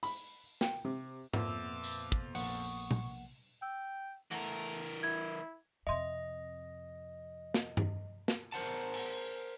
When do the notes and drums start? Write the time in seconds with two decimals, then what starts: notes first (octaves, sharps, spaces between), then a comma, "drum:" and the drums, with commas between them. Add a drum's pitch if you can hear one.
0.03 B5, drum: open hi-hat
0.61 G5, drum: snare
0.85 C3
1.33 F2 A#2 B3 E5 D6 E6, drum: tom G#2
1.84 drum: tambourine
2.12 drum: kick
2.35 A#1 A#3 F#5 C#6 D#6, drum: open hi-hat
2.91 drum: tom A#2
3.62 G5 E6
4.31 E3 A3 A#4 F#5 A#6
5.03 E4 G#6
5.87 F2 C3 D#5 E5 C6
7.54 drum: snare
7.77 drum: tom G2
8.28 drum: snare
8.52 A#4 C5 F#5 A5
8.94 drum: cymbal